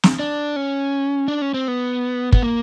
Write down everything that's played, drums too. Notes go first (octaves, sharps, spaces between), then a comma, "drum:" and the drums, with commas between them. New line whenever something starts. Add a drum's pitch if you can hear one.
drum: snare
D4
C#4
D4
C#4
C4
B3
B3, drum: kick
A#3